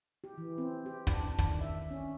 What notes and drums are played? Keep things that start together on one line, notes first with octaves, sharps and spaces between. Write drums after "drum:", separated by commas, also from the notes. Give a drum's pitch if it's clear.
G4
E3
C4
G4
D4, drum: kick, hi-hat
D4
D#3, drum: kick, hi-hat
E5
C#4